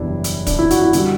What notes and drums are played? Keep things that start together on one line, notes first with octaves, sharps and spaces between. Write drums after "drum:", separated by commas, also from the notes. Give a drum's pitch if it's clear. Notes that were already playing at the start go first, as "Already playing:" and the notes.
Already playing: F#1 E2 B2 G3 D4 E4
drum: hi-hat
D4, drum: kick, hi-hat
E4
F#4, drum: hi-hat
E4
D3 G3 F#4, drum: hi-hat